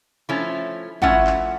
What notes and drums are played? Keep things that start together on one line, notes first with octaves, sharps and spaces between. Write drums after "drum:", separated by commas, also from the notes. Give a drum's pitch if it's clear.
F3 A3 C#4 E4
F3 A3 C#4 E4 F#5, drum: kick
drum: clap